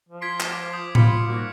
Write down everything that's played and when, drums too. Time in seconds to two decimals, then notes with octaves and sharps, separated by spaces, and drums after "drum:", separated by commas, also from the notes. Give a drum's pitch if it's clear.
0.09 F3
0.22 F4 C6 G#6 B6 D7
0.40 drum: clap
0.52 D6
0.73 D#6 G6
0.95 F4 B5 B6 C#7, drum: tom A2
1.27 G#2 G3 A#3 F#4